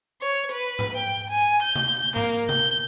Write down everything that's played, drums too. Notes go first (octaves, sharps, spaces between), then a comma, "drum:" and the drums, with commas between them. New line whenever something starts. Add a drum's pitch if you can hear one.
C#5
B4
drum: tom G#2
G5
G#5
G6
drum: tom C3
A#3, drum: tom G#2
G6, drum: tom C3